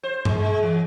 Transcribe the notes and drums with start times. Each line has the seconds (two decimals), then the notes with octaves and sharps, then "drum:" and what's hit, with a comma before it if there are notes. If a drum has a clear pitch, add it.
0.03 C5
0.25 G#3, drum: tom G2
0.40 G#3
0.63 E3